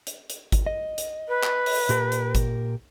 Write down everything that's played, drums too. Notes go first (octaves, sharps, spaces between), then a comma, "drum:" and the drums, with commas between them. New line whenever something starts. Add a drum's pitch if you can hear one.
drum: hi-hat
drum: hi-hat
drum: kick G#1, hi-hat
D#5
drum: hi-hat
B4
drum: clap
drum: open hi-hat
A#2 G4 A#4, drum: hi-hat
drum: hi-hat
drum: kick G#1, hi-hat